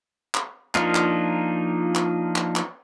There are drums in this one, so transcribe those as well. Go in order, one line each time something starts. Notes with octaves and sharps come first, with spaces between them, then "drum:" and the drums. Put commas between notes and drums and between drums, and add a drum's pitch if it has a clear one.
drum: clap
F3 A#3 D4 D#4 F4, drum: clap
drum: clap
drum: clap
drum: clap
drum: clap